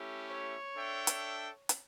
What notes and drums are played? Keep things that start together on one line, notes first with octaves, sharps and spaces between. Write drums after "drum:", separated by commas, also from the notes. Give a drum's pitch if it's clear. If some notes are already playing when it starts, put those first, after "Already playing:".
Already playing: A3 C#4 E4 G4
C#5
D4 A4 E5 G5
drum: hi-hat
drum: hi-hat